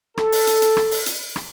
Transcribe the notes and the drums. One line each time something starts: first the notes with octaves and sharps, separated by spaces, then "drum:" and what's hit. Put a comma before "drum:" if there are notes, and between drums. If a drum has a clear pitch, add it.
A4, drum: rim click
drum: open hi-hat
drum: hi-hat
drum: hi-hat
drum: rim click
drum: open hi-hat
drum: hi-hat
drum: rim click